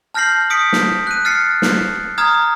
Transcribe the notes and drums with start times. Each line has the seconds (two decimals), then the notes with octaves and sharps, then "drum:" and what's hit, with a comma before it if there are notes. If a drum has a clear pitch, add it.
0.14 A5 F6 G6 A#6 C7 F#7
0.50 D#6 B6 C#7 D7
0.73 drum: snare
1.07 F#6 D#7
1.25 F6 A6 C7 C#7
1.62 drum: snare
2.18 A#5 D#6 F6 G#6